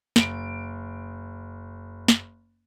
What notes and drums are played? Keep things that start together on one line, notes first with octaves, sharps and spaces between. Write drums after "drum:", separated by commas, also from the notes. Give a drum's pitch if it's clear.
F#1 D7, drum: snare
drum: snare